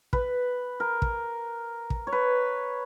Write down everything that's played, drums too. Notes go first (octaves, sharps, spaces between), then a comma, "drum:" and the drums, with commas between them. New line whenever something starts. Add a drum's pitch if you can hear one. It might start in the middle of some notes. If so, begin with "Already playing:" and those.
B4, drum: kick
A#4
drum: kick
drum: kick
C#5
B4